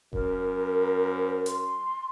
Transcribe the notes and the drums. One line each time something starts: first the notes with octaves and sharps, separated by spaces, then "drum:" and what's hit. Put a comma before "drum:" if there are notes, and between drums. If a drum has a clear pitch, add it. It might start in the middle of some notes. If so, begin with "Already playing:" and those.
F#2 A#4, drum: kick E1
C5
C6, drum: hi-hat